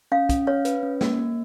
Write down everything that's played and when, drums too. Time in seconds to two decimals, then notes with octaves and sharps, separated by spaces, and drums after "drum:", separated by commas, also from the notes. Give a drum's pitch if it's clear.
0.12 C#4 F5
0.29 C#4, drum: kick, hi-hat
0.47 C#5 F5
0.65 B4, drum: hi-hat
0.83 C#4
1.01 A#3, drum: snare
1.19 A#3